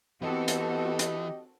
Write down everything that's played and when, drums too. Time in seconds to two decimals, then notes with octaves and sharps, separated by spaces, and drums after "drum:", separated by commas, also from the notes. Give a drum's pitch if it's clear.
0.22 E3 B3 C4 F#4 G4 A4 D#5
0.48 drum: hi-hat
0.99 drum: hi-hat